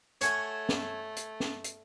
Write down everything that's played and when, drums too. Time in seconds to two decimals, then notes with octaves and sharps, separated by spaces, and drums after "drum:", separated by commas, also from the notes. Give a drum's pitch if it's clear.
0.21 A3 C#5 F#5 G#5, drum: hi-hat
0.69 drum: snare
1.16 drum: hi-hat
1.40 drum: snare
1.64 drum: hi-hat